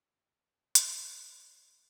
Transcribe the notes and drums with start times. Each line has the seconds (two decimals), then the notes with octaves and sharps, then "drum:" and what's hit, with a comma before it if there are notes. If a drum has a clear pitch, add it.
0.75 C#5, drum: hi-hat